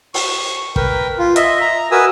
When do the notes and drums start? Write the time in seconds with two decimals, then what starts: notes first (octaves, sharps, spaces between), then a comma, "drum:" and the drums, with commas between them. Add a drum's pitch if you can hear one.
0.14 C#6, drum: open hi-hat
0.76 A#4 B4 G5, drum: kick
1.19 F4
1.36 D#5 E5, drum: hi-hat
1.61 A#5
1.91 F#4 A#4 B4 G#5 D#6 E6